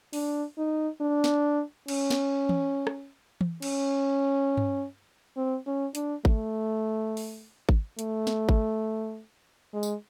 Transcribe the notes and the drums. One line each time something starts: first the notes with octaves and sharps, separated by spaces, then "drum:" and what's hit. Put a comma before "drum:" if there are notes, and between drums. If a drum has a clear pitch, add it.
D4, drum: open hi-hat
D#4
D4
drum: snare
C#4, drum: cymbal
drum: snare
drum: tom E3
drum: rim click
drum: tom E3
C#4, drum: cymbal
drum: tom G2
C4
C#4
D4, drum: hi-hat
A3, drum: kick G#1
drum: open hi-hat
drum: kick G#1
A3, drum: hi-hat
drum: snare
drum: kick G#1
G#3
drum: tambourine